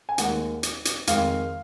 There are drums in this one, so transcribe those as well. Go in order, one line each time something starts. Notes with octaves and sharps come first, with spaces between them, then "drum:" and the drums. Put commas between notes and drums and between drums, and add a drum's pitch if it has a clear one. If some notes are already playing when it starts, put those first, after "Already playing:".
G#5
D#2 D#3 G#3 F#5, drum: hi-hat
drum: hi-hat
drum: hi-hat
F2 D#3 G#3 F5, drum: hi-hat